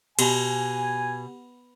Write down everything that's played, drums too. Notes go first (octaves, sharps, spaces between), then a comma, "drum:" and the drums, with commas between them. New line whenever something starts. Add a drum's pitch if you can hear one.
B2 G4 G#5, drum: cymbal